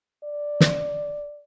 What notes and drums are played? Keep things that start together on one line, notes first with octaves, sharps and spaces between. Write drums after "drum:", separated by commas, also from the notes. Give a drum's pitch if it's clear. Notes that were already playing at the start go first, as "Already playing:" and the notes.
D5
drum: snare